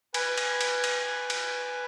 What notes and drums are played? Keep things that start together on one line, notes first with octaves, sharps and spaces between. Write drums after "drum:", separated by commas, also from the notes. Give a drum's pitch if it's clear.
B4 G#5, drum: cymbal
drum: cymbal
drum: cymbal
drum: cymbal
drum: cymbal